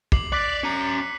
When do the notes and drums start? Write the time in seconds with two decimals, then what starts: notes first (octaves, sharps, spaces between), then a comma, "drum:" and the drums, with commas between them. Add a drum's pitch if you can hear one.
0.12 D6 C7 F#7, drum: kick
0.32 D5 F#6 B6
0.63 C#4 A#5 C#7 D#7